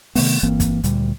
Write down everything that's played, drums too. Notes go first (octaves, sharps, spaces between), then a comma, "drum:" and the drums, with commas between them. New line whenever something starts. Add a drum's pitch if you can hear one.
C3 D#3 A3 B3, drum: open hi-hat
G1 E3 A#3 C4
drum: kick, hi-hat
D2 A#2 G3, drum: hi-hat